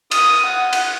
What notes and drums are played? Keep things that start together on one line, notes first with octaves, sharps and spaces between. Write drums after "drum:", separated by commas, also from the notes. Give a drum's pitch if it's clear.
D#6, drum: cymbal
F#5
drum: cymbal